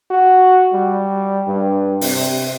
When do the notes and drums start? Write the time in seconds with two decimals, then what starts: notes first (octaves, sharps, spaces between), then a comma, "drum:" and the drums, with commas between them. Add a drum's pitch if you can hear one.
0.11 F#4
0.73 G3
1.47 G2
2.01 C3, drum: open hi-hat